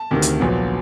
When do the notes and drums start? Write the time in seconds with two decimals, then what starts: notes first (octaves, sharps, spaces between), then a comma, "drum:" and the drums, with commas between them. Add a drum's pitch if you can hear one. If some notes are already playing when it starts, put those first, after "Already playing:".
Already playing: A5
0.11 D2 C3 D#3
0.22 drum: hi-hat
0.40 A#1 A#2 F#3 B3